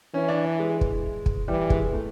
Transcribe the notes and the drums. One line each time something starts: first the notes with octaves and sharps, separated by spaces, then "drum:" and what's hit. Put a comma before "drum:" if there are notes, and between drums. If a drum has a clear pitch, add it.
E3 C#4
D4
D4
G#3
drum: kick
drum: kick
E3 G3
G#3, drum: kick
A3